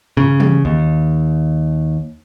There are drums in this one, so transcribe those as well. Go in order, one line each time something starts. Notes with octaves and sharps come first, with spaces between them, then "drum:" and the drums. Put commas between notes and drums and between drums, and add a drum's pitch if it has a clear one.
C#3, drum: tom
drum: tom E3
D#2